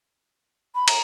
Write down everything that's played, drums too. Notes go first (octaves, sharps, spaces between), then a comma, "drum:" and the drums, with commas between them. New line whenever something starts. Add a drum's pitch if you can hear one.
B5
A#5, drum: cymbal